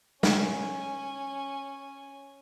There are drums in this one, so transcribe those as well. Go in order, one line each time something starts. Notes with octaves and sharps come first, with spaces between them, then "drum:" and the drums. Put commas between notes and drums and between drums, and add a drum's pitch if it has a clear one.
C#4 G#5, drum: snare